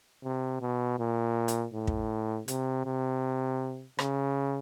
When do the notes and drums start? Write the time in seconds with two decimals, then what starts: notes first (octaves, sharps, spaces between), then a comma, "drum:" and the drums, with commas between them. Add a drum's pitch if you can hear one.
0.24 C3
0.61 B2
0.99 A#2
1.48 drum: hi-hat
1.74 A2
1.87 drum: kick
2.48 C3, drum: hi-hat
2.85 C3
3.99 C#3, drum: rim click